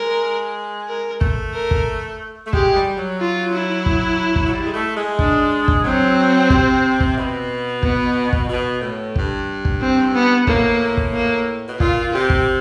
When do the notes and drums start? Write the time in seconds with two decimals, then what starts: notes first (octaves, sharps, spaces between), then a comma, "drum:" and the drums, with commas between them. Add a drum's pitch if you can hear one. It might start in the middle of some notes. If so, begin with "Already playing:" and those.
Already playing: G#3 A#4
0.89 A#4
1.21 A3, drum: kick
1.54 A#4
1.71 drum: kick
2.45 A3
2.53 G#3 G4, drum: kick
2.75 G3
2.98 F#3
3.20 F4
3.53 E4
3.86 drum: kick
4.36 drum: kick
4.46 F#3
4.52 G3
4.66 G#3
4.74 A3
4.96 G#3
5.19 D4, drum: kick
5.68 drum: kick
5.84 F#3 C4
6.50 C3, drum: kick
7.00 drum: kick
7.17 B2
7.83 B3, drum: kick
8.33 drum: kick
8.50 B2
8.82 A2
9.16 G2, drum: kick
9.65 drum: kick
9.81 C4
10.15 B3
10.47 A2 A#3, drum: kick
10.97 drum: kick
11.14 A#3
11.69 B2
11.80 A#2 F4, drum: kick
12.14 C3 G4
12.30 drum: kick